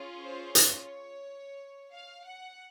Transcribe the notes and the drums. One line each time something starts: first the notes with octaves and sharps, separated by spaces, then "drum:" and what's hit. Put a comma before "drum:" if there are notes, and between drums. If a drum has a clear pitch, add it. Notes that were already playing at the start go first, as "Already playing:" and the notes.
Already playing: C#4 F4 G#4
C5
C#5, drum: hi-hat
F5
F#5